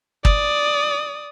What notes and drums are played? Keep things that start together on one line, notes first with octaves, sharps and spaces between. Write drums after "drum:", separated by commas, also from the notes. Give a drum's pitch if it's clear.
D5 D#6, drum: kick